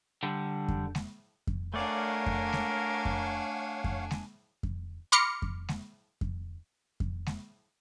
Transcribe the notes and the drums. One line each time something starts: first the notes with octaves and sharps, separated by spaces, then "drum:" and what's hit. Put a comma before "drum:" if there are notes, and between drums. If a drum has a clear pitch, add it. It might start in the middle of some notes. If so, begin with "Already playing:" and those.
D3 G3
drum: kick F2
drum: snare G#3
drum: kick F2
A3 D4 A#4 C#5 D5 F5 F#5 G#5
drum: kick F2
drum: snare G#3
drum: kick F2
drum: kick F2
drum: snare G#3
drum: kick F2
B5 C6 D6 F6 A#6 C#7
drum: kick F2
drum: snare G#3
drum: kick F2
drum: kick F2
drum: snare G#3